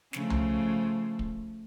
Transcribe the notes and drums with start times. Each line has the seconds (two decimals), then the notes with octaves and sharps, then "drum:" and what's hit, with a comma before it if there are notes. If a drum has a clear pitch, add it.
0.13 C#3 F3 A3, drum: snare
0.30 drum: tom C2
1.19 drum: kick